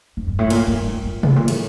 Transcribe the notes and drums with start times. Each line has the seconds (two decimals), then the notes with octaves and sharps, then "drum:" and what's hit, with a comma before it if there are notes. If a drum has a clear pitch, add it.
0.17 F2
0.27 G2
0.39 A2
0.50 A#2, drum: cymbal
0.68 G2
0.86 A2
1.05 A2
1.23 A2, drum: tom C3
1.36 A#2
1.48 A2, drum: cymbal